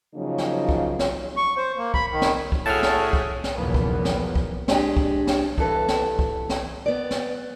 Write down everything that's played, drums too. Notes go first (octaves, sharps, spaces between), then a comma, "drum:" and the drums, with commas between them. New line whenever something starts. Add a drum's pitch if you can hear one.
C#3 F3 F#3 A#3 D#4
drum: snare
drum: kick C2
drum: snare
C#6
C5
A#3
B5, drum: kick C2
D#3
drum: snare
drum: kick C2
A2 F#4 G#4 A5 F6
drum: snare
drum: kick C2
drum: snare
F#1 B1 E2 F3 A#3 B3
drum: kick C2
drum: snare
drum: kick C2
G#3 D4 G4, drum: snare
drum: kick C2
drum: snare
G2 E3 A4 B4, drum: kick C2
drum: snare
drum: kick C2
drum: snare
B3 D5
drum: snare